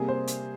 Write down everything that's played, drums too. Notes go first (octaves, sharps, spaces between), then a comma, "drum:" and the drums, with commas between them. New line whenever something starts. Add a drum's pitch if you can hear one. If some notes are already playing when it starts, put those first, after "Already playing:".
Already playing: C3 G3 A#3 G#4
C5
drum: hi-hat